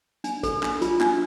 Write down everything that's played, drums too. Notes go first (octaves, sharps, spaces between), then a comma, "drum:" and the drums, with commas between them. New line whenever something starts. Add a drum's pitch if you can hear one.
D4, drum: hi-hat
A4, drum: kick, hi-hat
D4, drum: clap
F4, drum: hi-hat
D4, drum: clap